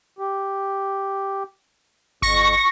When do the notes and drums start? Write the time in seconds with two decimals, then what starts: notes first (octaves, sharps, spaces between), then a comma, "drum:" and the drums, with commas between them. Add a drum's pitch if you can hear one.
0.19 G4
2.22 F2 C#6 A#6, drum: kick G1